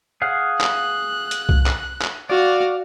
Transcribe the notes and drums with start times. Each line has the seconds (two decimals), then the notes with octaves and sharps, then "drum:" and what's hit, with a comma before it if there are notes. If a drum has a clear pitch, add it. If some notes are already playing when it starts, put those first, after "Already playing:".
0.22 G#4 F5 F#5
0.61 F#6, drum: clap
1.31 drum: hi-hat
1.49 drum: kick C2
1.66 drum: clap
2.02 drum: clap
2.30 F#4 D5 F5